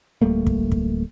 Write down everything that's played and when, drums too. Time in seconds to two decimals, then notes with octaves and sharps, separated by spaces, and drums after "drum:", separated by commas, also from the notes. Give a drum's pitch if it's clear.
0.21 D1 G3 A3 A#3
0.47 drum: kick
0.72 drum: kick